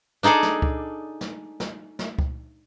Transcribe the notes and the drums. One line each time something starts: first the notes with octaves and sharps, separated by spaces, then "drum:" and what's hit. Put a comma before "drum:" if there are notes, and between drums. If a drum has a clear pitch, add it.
D4 D#4 G#4 A4 D5
drum: snare
drum: kick C#2
drum: snare
drum: snare
drum: snare
drum: kick C#2